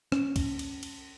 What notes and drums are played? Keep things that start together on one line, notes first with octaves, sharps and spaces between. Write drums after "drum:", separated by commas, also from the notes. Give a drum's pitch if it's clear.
C#4, drum: rim click
drum: kick, cymbal
drum: cymbal
drum: cymbal